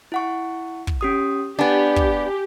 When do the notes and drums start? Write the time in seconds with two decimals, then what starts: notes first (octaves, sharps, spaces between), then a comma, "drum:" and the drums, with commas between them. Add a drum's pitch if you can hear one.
0.12 E4 F#5 C#6
0.87 drum: kick
1.01 C#4 G4 D#6
1.59 B3 D4 G4 G#5
1.96 drum: kick